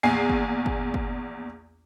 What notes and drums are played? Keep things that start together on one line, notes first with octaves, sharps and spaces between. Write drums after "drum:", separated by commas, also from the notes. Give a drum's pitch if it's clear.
A#1 E2 G#5 C7
drum: kick G1
drum: kick G1
drum: kick G1